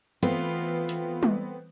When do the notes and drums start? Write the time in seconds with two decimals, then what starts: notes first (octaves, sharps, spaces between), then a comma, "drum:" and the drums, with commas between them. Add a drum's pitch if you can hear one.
0.23 E3 A3 B3 C4 F4
0.89 drum: hi-hat
1.23 drum: tom G3